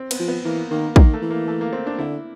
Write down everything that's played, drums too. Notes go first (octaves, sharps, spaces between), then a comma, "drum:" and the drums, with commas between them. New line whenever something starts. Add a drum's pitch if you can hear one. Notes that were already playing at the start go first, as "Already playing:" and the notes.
Already playing: C4
B3, drum: cymbal
F3
B3
E3 A#3
D#3 A#3
D#3 A#3, drum: kick
A3
E3
A#3
A3
A#3
C4
D4
D3 E4